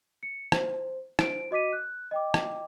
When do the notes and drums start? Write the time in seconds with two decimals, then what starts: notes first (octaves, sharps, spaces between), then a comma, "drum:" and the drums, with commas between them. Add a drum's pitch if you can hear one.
0.23 C#7
0.52 C5, drum: rim click
1.19 C5 D7, drum: rim click
1.51 F#4 D#5 D6 B6 D#7
1.73 F#6
2.11 D#5 G5 D6
2.34 drum: rim click